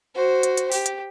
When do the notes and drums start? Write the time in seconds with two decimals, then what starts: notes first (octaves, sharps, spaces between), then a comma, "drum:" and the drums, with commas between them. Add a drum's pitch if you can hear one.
0.15 F#4 C5
0.43 drum: hi-hat
0.57 drum: hi-hat
0.72 G4, drum: open hi-hat
0.86 drum: hi-hat